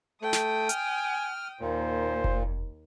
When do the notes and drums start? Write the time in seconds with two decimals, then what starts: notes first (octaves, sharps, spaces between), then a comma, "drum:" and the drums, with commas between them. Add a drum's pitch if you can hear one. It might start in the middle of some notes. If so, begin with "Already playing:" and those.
0.22 A3 G5 D#6
0.33 drum: snare
0.69 G#5 F6, drum: hi-hat
1.61 D#2 A#2 C5
2.24 drum: kick F1